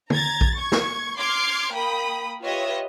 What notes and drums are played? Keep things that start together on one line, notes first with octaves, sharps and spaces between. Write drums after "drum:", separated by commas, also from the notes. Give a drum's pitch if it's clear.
A#5 G#6 A6, drum: tom
drum: kick A#1
C#6 G#6
drum: snare
C6 D6 F6 G#6
A#3 G5 B5 D#6
F4 G4 B4 C#5 D#5 E5